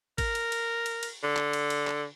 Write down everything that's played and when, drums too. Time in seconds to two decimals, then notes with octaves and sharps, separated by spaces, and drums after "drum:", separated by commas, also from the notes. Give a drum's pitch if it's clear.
0.18 A#4, drum: kick, cymbal
0.35 drum: cymbal
0.52 drum: cymbal
0.86 drum: cymbal
1.03 drum: cymbal
1.24 D3
1.37 drum: clap
1.53 drum: cymbal
1.70 drum: cymbal
1.87 drum: clap